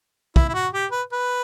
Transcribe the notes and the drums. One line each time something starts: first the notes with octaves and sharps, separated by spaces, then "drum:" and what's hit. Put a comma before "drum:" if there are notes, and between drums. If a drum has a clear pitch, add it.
E4, drum: kick
E4
F#4
G4
B4
B4